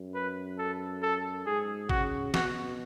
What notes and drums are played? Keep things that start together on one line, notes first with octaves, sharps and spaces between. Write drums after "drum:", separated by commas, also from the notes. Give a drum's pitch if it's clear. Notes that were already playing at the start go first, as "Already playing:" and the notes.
Already playing: F#2
B4
A4
A4
G#2 G#4
C#3 F#4, drum: kick
B2 F#4, drum: snare